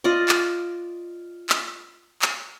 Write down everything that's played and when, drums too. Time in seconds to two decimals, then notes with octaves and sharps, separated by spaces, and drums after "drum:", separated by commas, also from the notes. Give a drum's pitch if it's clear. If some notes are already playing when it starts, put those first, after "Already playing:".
0.04 F4 D5 D#5
0.29 drum: clap
1.49 drum: clap
2.22 drum: clap